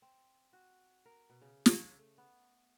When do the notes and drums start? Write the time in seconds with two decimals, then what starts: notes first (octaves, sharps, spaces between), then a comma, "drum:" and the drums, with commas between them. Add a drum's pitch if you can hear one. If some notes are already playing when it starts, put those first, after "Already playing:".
0.02 C4
0.53 F#4
1.05 A#4
1.30 B2
1.42 C#3
1.66 drum: snare
1.99 A3
2.18 B3